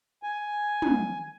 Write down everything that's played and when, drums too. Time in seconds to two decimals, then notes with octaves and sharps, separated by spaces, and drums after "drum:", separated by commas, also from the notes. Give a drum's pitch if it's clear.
0.23 G#5
0.82 drum: tom